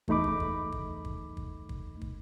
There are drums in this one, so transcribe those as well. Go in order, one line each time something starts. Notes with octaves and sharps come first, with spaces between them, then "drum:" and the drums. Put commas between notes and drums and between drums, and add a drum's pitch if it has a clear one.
E2 A3 D#4 B5 D6, drum: kick
drum: kick
drum: kick
drum: kick
drum: kick
drum: kick
drum: kick
drum: kick